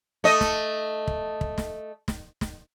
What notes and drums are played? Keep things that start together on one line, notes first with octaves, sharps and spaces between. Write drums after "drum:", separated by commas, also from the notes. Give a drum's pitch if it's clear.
A3 D#5
drum: snare
drum: kick
drum: kick
drum: snare
drum: snare
drum: snare